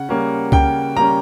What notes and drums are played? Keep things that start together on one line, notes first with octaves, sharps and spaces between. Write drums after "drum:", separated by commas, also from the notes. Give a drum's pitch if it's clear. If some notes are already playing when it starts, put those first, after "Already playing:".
Already playing: C#3 F#5
G3 A#3 C#4
C#3 G5, drum: kick C#2
G3 A#3 C#4 A#5